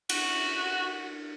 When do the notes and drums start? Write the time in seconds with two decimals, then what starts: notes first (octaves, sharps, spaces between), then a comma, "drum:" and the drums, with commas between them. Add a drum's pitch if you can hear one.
0.09 F#4, drum: cymbal